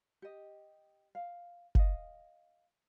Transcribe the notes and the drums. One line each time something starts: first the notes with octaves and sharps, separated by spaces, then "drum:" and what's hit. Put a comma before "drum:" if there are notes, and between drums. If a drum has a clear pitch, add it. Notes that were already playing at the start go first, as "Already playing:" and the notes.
G4 D#5
F5
D#5 F5, drum: kick F#1